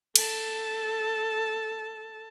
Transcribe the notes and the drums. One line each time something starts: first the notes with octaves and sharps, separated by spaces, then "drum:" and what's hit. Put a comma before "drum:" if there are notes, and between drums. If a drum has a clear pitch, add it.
A4 A5, drum: cymbal